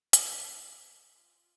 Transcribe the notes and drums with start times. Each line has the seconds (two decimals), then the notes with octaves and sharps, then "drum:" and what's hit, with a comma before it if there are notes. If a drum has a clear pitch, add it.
0.13 D#3 F3, drum: hi-hat
0.46 E5
1.13 F4